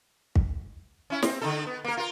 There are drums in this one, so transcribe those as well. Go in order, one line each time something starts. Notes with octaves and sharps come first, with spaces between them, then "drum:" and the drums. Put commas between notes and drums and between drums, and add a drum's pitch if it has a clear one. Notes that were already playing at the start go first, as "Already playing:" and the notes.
drum: kick
C#4 E4
C4, drum: snare
D3 D#4 A4
B3
A#3 A#4
F4 A#4